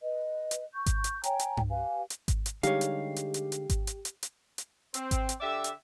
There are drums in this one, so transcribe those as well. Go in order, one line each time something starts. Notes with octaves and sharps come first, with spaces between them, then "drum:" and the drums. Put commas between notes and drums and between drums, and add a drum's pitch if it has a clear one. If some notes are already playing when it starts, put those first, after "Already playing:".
B4 D#5
drum: hi-hat
C#6 G6
drum: kick G#1, hi-hat
drum: hi-hat
C#5 G5 G#5 A#5, drum: hi-hat
drum: hi-hat
drum: tom G2
G4 B4 F5 G#5
drum: hi-hat
drum: kick G#1, hi-hat
drum: hi-hat
D3 G3 G#3 D#4 G4 C#5 F5, drum: hi-hat
drum: hi-hat
drum: hi-hat
drum: hi-hat
drum: hi-hat
drum: kick G#1, hi-hat
drum: hi-hat
drum: hi-hat
drum: hi-hat
drum: hi-hat
C4, drum: hi-hat
drum: kick G#1, hi-hat
drum: hi-hat
D3 G4 D5 E5
drum: hi-hat